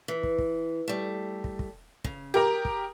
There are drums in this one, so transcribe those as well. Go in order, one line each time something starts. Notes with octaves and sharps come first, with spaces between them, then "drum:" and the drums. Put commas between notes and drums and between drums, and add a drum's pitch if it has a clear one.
E3
drum: kick
drum: kick
G3 A3
drum: kick
drum: kick
C#3, drum: kick
G4 G#4 A#4 A#5
drum: kick